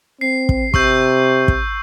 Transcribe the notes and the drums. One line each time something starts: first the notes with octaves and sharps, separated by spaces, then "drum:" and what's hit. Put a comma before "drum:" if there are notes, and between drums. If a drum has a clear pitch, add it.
C4 C7
drum: kick
C3 C#6 E6 G6, drum: kick
drum: kick